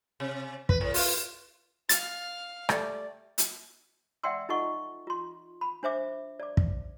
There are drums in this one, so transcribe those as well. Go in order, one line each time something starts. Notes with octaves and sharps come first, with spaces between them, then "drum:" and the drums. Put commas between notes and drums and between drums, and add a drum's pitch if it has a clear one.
C3
B4, drum: kick
A2
F4, drum: open hi-hat
F5 A6, drum: hi-hat
G3 A3 D5, drum: rim click
drum: hi-hat
D5 E5 F#5 G5 C6 E6
D#4 F4 A4 D#5 F#5 C#6
F4 C6
B5
D4 C5 E5 D6
D5 D6
drum: kick